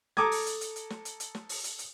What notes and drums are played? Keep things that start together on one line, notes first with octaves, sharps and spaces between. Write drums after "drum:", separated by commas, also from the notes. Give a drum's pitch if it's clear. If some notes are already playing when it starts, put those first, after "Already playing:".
A4 A#5 D6 D#6 G#6, drum: snare
drum: open hi-hat
drum: hi-hat
drum: hi-hat
drum: hi-hat
drum: snare
drum: hi-hat
drum: hi-hat
drum: snare
drum: open hi-hat
drum: hi-hat
drum: hi-hat